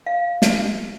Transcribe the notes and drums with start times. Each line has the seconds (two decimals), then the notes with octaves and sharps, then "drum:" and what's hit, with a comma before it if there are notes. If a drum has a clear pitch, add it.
0.06 F5
0.42 drum: snare